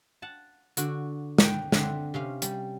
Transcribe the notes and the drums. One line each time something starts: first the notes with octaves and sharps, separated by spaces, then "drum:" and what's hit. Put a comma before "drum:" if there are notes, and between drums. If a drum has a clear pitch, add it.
F#5 A5
D3 F#4, drum: hi-hat
F#5 G5, drum: snare
D3 C4 E5 F#5 C6, drum: snare
C3 C#4 F5
G3, drum: hi-hat